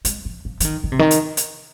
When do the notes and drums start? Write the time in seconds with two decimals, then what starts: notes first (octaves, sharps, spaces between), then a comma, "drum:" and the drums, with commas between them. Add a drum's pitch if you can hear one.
0.05 G#3, drum: hi-hat
0.25 F3
0.45 F3
0.60 F3, drum: hi-hat
0.65 D#3
0.84 D#3
0.92 C3
0.99 D#3
1.11 drum: hi-hat
1.37 drum: hi-hat